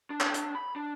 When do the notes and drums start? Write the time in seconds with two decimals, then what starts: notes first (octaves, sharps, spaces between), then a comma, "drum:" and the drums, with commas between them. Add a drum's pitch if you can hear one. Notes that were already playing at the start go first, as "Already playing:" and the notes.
0.10 D4
0.20 drum: clap
0.34 drum: hi-hat
0.55 B5
0.76 D4